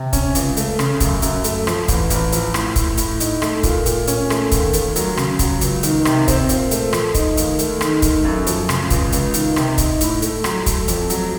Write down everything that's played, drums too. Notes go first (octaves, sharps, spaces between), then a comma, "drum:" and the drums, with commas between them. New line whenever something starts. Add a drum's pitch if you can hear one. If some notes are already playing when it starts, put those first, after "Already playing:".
Already playing: C3
C#4, drum: kick, hi-hat
C#2, drum: hi-hat
A3, drum: hi-hat
C#3, drum: rim click
F#2, drum: kick, hi-hat
F#2, drum: hi-hat
A3, drum: hi-hat
F3, drum: rim click
A1, drum: kick, hi-hat
A1, drum: hi-hat
F3, drum: hi-hat
A2, drum: rim click
A2, drum: kick, hi-hat
A2, drum: hi-hat
D#4, drum: hi-hat
A3, drum: rim click
A#2, drum: kick, hi-hat
A#2, drum: hi-hat
C#4, drum: hi-hat
A3, drum: rim click
D#2, drum: kick, hi-hat
D#2, drum: hi-hat
F#3, drum: hi-hat
C#3, drum: rim click
F#3, drum: kick, hi-hat
C#2, drum: hi-hat
D#3, drum: hi-hat
C3, drum: rim click
C4, drum: kick, hi-hat
A#2, drum: hi-hat
A3, drum: hi-hat
F3, drum: rim click
D#4, drum: kick, hi-hat
D#2, drum: hi-hat
A3, drum: hi-hat
D#3, drum: rim click
A3, drum: kick, hi-hat
F#2
F3, drum: hi-hat
C#3, drum: rim click
C#2, drum: kick, hi-hat
C#2, drum: hi-hat
D#3, drum: hi-hat
C3, drum: rim click
D#4, drum: kick, hi-hat
A2, drum: hi-hat
A3, drum: hi-hat
F#3, drum: rim click
A3, drum: kick, hi-hat
F2, drum: hi-hat
F#3, drum: hi-hat